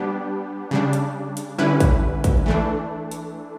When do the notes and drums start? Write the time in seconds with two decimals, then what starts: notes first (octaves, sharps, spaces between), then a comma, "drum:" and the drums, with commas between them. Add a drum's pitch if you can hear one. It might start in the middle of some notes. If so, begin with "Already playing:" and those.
Already playing: G3 B3 D4 G4
0.71 C#3 G3 D4
0.93 drum: hi-hat
1.37 drum: hi-hat
1.58 D3 G3 C#4 E4 B4
1.80 drum: kick, hi-hat
2.24 drum: kick, hi-hat
2.46 E3 A3 D4
3.11 drum: hi-hat